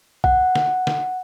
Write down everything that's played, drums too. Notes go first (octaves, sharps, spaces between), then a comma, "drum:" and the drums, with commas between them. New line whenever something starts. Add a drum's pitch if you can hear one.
F#5, drum: kick
drum: snare
drum: snare